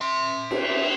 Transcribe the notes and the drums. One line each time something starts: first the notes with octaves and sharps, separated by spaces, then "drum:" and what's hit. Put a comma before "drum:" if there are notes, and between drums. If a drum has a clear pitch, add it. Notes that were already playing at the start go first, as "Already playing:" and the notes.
E5 C6
drum: cymbal